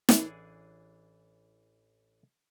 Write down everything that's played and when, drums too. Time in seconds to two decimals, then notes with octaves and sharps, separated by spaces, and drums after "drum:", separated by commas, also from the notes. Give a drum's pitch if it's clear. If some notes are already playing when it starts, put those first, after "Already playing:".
0.09 A1 E3 D4 G#4 F#5 G#5, drum: snare